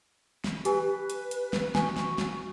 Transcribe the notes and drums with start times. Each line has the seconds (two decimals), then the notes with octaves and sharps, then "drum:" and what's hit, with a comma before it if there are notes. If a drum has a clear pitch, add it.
0.44 drum: snare
0.65 G4 B4 G#5, drum: hi-hat
1.10 drum: hi-hat
1.31 drum: hi-hat
1.53 drum: snare
1.75 F#4 G#5, drum: snare
1.96 drum: snare
2.18 drum: snare